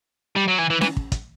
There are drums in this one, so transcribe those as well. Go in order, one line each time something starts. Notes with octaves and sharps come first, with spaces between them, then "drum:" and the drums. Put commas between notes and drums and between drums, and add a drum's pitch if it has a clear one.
G3
F#3
E3
E3
E3, drum: snare C#4
drum: kick
drum: kick, hi-hat